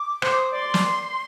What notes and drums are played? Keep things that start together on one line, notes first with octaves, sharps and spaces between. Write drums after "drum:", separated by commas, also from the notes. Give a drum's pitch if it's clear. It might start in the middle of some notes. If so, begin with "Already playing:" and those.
Already playing: D6
C5, drum: rim click
D#6
D6
D5 C6
drum: snare